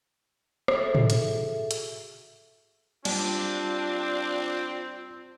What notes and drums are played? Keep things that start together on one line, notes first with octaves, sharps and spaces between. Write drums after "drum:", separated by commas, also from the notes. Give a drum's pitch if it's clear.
F#4 G#4 A4 E5, drum: rim click
drum: tom
drum: hi-hat
drum: hi-hat
G3 C4 D4 F4, drum: cymbal